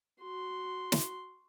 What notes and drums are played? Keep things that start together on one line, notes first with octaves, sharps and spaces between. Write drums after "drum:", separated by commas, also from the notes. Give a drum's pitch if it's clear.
F#4 C6
drum: snare